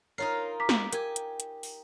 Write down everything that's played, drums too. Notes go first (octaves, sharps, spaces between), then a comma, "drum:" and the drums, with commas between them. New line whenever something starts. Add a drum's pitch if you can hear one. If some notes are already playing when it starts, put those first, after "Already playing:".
D#4 F4 A#4 C#5 C7
A#5 D6 B6
drum: snare
G4 A#4 G#5, drum: hi-hat
drum: hi-hat
drum: hi-hat
drum: open hi-hat